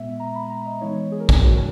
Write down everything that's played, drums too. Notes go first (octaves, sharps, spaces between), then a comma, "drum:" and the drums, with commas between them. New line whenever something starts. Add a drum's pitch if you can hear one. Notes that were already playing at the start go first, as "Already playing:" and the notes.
Already playing: A#2 G#3 B3 E5
A#5
B5
A#5
D#5
E3 G#3 B3 D#4 C#5
G#4
A#4
G#4, drum: kick
F#4
A#4